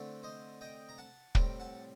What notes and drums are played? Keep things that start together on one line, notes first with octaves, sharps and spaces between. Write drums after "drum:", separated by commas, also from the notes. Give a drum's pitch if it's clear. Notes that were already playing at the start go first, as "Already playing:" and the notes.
Already playing: D3 A3 C4
C5 D#5
D#5 G5
A#5
F#5 A5
A2 G3 C4 G5 A#5, drum: kick
F#5 A5